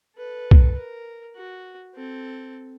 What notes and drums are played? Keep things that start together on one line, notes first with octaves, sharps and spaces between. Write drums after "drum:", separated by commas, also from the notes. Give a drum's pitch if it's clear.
A4 B4
drum: kick B1
A#4
F#4
C4 A4